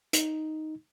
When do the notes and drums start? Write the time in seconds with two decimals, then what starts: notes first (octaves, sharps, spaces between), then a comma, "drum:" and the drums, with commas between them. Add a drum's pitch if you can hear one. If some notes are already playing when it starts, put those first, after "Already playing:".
0.13 D#4, drum: hi-hat